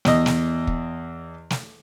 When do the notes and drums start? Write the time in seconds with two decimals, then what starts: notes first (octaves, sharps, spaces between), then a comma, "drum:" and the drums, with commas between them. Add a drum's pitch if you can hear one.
0.05 E2 D#5, drum: snare
0.26 drum: snare
0.67 drum: kick
1.50 drum: snare